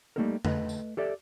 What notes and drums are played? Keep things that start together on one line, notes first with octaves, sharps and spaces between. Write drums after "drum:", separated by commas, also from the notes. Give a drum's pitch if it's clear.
G3 A3 A#3 D#4 A4 A#4
A3 B4 D#5, drum: tom
drum: tambourine
G4 A4 D5 E5